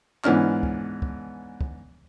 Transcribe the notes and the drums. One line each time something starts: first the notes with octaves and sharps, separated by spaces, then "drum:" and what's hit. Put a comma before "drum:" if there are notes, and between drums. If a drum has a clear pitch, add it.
G#2 E3 B3 C#4 D4 F6, drum: clap
drum: kick
drum: kick
drum: kick